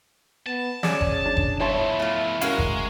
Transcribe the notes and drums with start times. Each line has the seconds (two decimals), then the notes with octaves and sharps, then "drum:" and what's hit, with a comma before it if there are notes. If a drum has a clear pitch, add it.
0.46 B3 A5
0.83 C#4 G#4 D5, drum: snare
1.01 drum: kick F#1
1.26 D4
1.37 drum: kick F#1
1.60 F3 B3 E4 C#5 A5 C6
1.99 A3 F4
2.41 G#3 C#4 F#4 A#4 F5, drum: hi-hat
2.58 drum: kick F#1